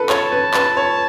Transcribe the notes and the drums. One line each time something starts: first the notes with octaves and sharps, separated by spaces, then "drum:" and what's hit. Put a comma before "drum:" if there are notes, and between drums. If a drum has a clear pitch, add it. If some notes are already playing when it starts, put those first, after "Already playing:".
Already playing: A4 B4
C#5 A5, drum: clap
B4
B4, drum: clap
C#5